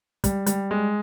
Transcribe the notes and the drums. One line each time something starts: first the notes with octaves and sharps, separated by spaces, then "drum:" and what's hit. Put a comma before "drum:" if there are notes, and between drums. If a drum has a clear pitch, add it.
G3, drum: kick, hi-hat
G3, drum: hi-hat
G#3